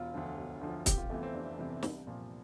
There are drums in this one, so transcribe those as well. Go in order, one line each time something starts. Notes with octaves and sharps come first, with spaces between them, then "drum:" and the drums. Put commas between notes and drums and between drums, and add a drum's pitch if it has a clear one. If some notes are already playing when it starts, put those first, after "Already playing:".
Already playing: E1 F4
D2 D3 F3
E1
D2 D3 F3
F1 G4, drum: kick, hi-hat
F4
E2 C3 E3 A3
C4
F1 D4
E2 C3 E3
C2, drum: snare
A#2 F3